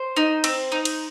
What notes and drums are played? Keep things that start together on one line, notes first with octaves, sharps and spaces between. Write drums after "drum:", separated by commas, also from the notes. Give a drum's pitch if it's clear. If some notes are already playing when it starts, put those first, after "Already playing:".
Already playing: C5
D#4
C4, drum: cymbal
D#4
drum: cymbal